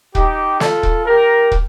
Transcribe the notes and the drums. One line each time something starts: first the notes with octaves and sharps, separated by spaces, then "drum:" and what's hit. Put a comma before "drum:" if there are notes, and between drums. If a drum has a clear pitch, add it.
D#4 G4, drum: kick
F4 A4, drum: snare
drum: kick
G4 A#4
drum: kick